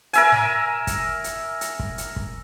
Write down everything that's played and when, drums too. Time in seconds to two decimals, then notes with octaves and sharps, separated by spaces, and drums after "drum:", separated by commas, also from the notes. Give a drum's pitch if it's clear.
0.13 A#4 E5 G#5, drum: hi-hat
0.32 drum: snare
0.87 drum: kick, hi-hat
1.24 drum: hi-hat
1.61 drum: hi-hat
1.79 drum: kick
1.98 drum: hi-hat
2.16 drum: kick